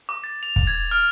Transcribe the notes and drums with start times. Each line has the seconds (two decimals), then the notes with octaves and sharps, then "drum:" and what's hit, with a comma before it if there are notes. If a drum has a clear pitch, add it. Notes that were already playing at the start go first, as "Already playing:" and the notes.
0.09 D6
0.24 A6
0.43 F7
0.56 drum: kick
0.67 G#6
0.91 F6